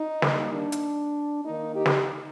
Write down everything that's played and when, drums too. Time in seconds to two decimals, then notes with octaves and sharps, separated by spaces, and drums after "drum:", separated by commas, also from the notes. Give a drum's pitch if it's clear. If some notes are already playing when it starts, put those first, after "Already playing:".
Already playing: D#4
0.22 D#3 G3 A#3, drum: snare
0.53 D4
0.72 drum: hi-hat
1.44 D#3 A#3 D#4
1.75 D#4 G4
1.86 drum: snare